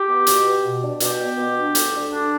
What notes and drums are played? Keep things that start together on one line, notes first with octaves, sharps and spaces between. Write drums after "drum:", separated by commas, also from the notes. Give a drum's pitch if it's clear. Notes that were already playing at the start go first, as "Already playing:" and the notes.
Already playing: G4
B3
B2, drum: hi-hat
B3
B2
D4
B2 G4, drum: hi-hat
B3
B2
D4
D2, drum: hi-hat
D3
D4